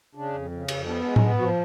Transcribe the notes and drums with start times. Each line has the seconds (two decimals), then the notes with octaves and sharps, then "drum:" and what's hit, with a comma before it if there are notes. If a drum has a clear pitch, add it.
0.15 C#3 D4
0.33 F2
0.51 C#3
0.68 F2, drum: cymbal
0.86 B3 D4
1.03 G#3 D4
1.16 C#4, drum: tom A2
1.21 B3 D4
1.39 F3 F#4